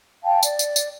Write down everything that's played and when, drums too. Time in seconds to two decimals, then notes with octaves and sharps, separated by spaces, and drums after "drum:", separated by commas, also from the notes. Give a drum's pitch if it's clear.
0.23 F5 G5 A5
0.43 D5, drum: tambourine
0.59 drum: tambourine
0.76 drum: tambourine